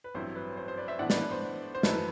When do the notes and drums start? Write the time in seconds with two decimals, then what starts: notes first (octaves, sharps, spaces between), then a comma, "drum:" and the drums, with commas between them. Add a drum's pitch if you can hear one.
0.04 B4
0.14 A1 G2 F#3 C4 E4 C5
0.36 B4
0.57 C5
0.68 C5
0.78 B4 D5
0.88 C5 E5
0.99 A2 E3 B3 D4 D5 F#5
1.10 B4 D5, drum: snare
1.21 B4
1.31 C5
1.75 C5
1.83 F#2 E3 A3 B4, drum: snare